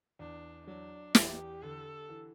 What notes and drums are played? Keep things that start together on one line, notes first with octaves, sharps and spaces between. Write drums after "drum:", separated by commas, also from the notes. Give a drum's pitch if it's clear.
E2 D4
F#3 D4
E2 G4, drum: snare
D3 A4
E3